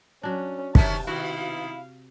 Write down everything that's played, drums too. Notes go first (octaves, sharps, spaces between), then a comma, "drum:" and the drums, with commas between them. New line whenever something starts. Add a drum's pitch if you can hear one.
F#3 C#4 D4
C3 D#3 C#4 A#4 C5 A5, drum: kick
B2 D#3 E4 F#4 F5